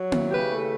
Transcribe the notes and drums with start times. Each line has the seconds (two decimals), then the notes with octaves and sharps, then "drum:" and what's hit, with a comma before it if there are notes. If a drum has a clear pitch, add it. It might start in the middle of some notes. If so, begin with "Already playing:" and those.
Already playing: F#3
0.12 E4, drum: tom A#3
0.31 C#3 G4 B4
0.51 A3